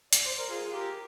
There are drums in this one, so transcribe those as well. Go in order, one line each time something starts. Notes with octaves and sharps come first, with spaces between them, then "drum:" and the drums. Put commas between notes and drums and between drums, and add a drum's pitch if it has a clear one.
D5, drum: hi-hat
C5
A#4
F4 G#4
G4 A#4